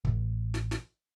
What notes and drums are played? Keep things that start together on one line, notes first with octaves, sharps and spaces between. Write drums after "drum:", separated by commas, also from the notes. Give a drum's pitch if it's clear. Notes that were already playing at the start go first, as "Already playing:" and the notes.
A1, drum: kick
drum: snare
drum: snare